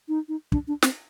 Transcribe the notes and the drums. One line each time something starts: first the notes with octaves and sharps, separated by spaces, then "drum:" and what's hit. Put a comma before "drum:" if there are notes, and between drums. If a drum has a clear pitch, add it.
D#4
D#4
D4, drum: kick
D4
C4, drum: snare